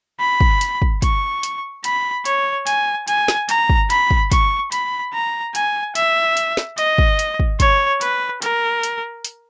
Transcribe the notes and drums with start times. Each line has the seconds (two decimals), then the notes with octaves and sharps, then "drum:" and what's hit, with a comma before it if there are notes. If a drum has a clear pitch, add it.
0.19 B5
0.41 drum: kick
0.61 drum: hi-hat
0.82 drum: kick
1.02 C#6, drum: kick, hi-hat
1.43 drum: hi-hat
1.84 B5, drum: hi-hat
2.25 C#5, drum: hi-hat
2.67 G#5, drum: hi-hat
3.08 G#5, drum: hi-hat
3.28 drum: snare
3.49 A#5, drum: hi-hat
3.69 drum: kick
3.90 B5, drum: hi-hat
4.11 drum: kick
4.32 C#6, drum: kick, hi-hat
4.72 B5, drum: hi-hat
5.14 A#5
5.55 G#5, drum: hi-hat
5.95 E5, drum: hi-hat
6.37 drum: hi-hat
6.57 drum: snare
6.78 D#5, drum: hi-hat
6.98 drum: kick
7.19 drum: hi-hat
7.39 drum: kick
7.60 C#5, drum: kick, hi-hat
8.01 B4, drum: hi-hat
8.42 A#4, drum: hi-hat
8.83 drum: hi-hat
9.25 drum: hi-hat